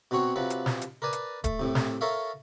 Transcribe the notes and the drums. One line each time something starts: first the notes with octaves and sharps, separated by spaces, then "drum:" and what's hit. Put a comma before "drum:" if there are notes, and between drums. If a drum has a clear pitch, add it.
B2 F#3 C4 F#4 C#5
C3 F3 F#3 B4
drum: hi-hat
drum: snare
drum: hi-hat
A#4 B4 D5 G#5 A5
drum: hi-hat
A3, drum: kick D1, hi-hat
C2 A2 C3
drum: snare
A4 A#4 C#5 E5 F5